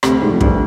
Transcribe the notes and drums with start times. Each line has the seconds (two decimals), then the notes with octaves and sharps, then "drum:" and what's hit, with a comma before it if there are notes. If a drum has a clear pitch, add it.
0.03 D2 C3, drum: rim click
0.21 G#2 G3
0.31 F2
0.40 D2 G2, drum: kick